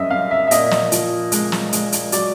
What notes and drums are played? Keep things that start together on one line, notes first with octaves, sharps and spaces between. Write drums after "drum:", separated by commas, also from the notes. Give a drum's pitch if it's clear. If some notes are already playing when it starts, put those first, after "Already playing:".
Already playing: F#2 G3 D#5 E5
F#2 F5
E5
E5
A#2 D#5, drum: hi-hat
drum: snare
F3, drum: hi-hat
G#3, drum: hi-hat
drum: snare
G#3, drum: hi-hat
drum: hi-hat
F#3 D5, drum: hi-hat